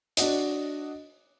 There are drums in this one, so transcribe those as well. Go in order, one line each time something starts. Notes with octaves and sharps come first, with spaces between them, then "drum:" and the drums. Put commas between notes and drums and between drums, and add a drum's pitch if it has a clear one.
D4 F#4 D#5, drum: hi-hat